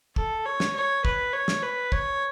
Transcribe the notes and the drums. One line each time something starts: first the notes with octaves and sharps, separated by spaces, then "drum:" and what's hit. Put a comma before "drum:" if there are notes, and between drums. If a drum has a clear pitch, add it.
A4, drum: kick
C#5
drum: snare
C#5
B4, drum: kick
C#5
drum: snare
B4
C#5, drum: kick